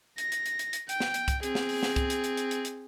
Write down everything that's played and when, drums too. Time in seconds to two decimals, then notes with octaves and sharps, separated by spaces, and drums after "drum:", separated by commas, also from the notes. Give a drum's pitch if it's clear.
0.18 A#6, drum: hi-hat
0.32 drum: hi-hat
0.46 drum: hi-hat
0.59 drum: hi-hat
0.73 drum: hi-hat
0.89 G5, drum: hi-hat
1.00 drum: snare
1.14 drum: hi-hat
1.28 drum: kick C2, hi-hat
1.43 C4 G#4, drum: hi-hat
1.55 drum: snare
1.69 drum: open hi-hat
1.83 drum: snare
1.96 drum: kick C2, hi-hat
2.10 drum: hi-hat
2.24 drum: hi-hat
2.37 drum: hi-hat
2.51 drum: hi-hat
2.65 drum: hi-hat